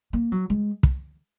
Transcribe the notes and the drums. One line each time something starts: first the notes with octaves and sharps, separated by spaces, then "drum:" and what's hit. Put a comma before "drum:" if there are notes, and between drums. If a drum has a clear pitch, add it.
A#3
F#3
G#3
drum: kick